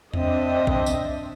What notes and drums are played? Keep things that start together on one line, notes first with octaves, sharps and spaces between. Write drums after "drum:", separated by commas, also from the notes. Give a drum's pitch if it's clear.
C4 D4 D#5 E5, drum: tom E2
drum: kick
drum: tambourine